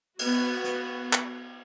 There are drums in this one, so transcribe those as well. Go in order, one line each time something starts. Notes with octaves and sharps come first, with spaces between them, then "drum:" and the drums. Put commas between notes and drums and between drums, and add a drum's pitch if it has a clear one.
B3 F#4, drum: cymbal
drum: hi-hat
drum: clap